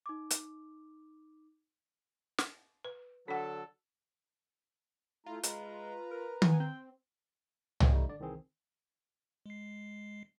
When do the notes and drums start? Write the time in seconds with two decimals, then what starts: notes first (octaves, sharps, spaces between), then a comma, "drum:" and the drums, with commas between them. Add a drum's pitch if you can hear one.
0.06 D#4 D6
0.31 drum: hi-hat
2.38 drum: snare
2.84 B4
3.28 D3 F#3 D4 A4 F#5
5.26 A3 E4 F4 A#5
5.44 G#3 B4 A#5, drum: hi-hat
6.11 A#4
6.42 B3 G#5, drum: tom D#3
6.60 C4 G5
7.80 C5 C#5 D#5 F5 G5 G#5, drum: tom C2
7.92 G3 A3 D#4
8.07 G1 D3 D5
8.20 C2 D#3 E3 C4 G#4
9.46 G#3 C7